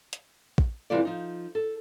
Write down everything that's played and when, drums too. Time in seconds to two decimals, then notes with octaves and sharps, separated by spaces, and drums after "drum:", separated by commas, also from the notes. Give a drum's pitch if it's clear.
0.13 drum: hi-hat
0.58 drum: kick
0.90 C3 E3 G3 F4 A4 D5
1.05 F3 D#4
1.55 A4